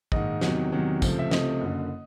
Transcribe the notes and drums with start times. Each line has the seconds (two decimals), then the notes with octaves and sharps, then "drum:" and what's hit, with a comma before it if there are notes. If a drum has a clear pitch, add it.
0.12 A#1 G#2 D#3 D#5, drum: kick
0.41 E2 C3 D#3 F#3, drum: snare
0.72 E2 C3 D#3 F#3
1.02 C#2 C3 F3 A3, drum: kick, tambourine
1.19 E5
1.31 C#2 C3 F3 A3 D#5, drum: snare
1.61 F#1 F#2 D3